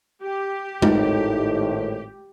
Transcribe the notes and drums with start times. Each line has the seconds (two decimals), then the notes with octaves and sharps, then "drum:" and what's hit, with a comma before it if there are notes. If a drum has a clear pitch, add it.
0.23 G4
0.82 G#1 A2 D#4, drum: tom G#3